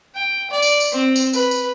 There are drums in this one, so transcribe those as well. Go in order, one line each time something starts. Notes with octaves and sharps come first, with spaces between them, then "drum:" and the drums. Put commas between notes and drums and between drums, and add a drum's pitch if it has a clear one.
G5
D5
drum: tambourine
drum: tambourine
C4
drum: tambourine
B4, drum: tambourine
drum: tambourine